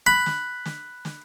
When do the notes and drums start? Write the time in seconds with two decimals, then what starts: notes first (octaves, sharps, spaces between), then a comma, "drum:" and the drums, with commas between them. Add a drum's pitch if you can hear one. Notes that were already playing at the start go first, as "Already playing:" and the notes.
0.07 B5 F#6
0.26 drum: snare
0.65 drum: snare
1.05 drum: snare